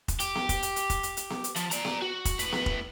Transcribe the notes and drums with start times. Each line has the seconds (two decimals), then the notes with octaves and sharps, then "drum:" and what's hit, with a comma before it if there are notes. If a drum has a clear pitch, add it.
0.08 drum: kick F1, hi-hat
0.20 G4, drum: hi-hat
0.35 drum: snare B3
0.49 drum: kick F1, hi-hat
0.63 drum: hi-hat
0.76 drum: hi-hat
0.90 drum: kick F1, hi-hat
1.03 drum: hi-hat
1.17 drum: hi-hat
1.30 drum: snare B3
1.44 drum: hi-hat
1.56 F3, drum: hi-hat
1.71 D5 A#5, drum: hi-hat
1.85 drum: snare B3
2.02 F#4
2.25 drum: kick F1, hi-hat
2.39 A2 B4, drum: hi-hat
2.52 drum: snare B3
2.66 drum: kick F1